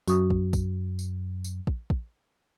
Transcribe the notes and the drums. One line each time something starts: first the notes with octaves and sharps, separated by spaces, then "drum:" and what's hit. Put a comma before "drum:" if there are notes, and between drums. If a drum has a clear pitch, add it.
F#2 F#4 C#6 D#6, drum: tambourine
drum: kick
drum: kick, tambourine
drum: tambourine
drum: tambourine
drum: kick
drum: kick